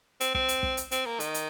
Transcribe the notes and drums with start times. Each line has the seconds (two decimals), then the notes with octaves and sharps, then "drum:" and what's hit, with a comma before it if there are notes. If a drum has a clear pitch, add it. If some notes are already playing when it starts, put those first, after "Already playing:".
0.21 C4, drum: hi-hat
0.35 C4, drum: kick
0.49 drum: hi-hat
0.63 drum: kick
0.77 drum: hi-hat
0.91 C4, drum: hi-hat
1.06 A#3
1.20 D#3, drum: hi-hat
1.34 drum: hi-hat